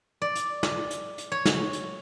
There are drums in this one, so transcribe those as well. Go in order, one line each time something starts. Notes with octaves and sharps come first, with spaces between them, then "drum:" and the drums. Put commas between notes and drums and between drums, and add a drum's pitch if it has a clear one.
D5
drum: hi-hat
drum: snare
drum: hi-hat
drum: hi-hat
C#5
drum: snare
drum: hi-hat